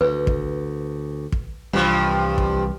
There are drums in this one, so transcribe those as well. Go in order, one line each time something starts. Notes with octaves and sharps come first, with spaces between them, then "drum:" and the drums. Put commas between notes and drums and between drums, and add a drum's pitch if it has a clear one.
D2 B4
drum: kick
drum: kick
C2 G2 E3 F3 G3
drum: kick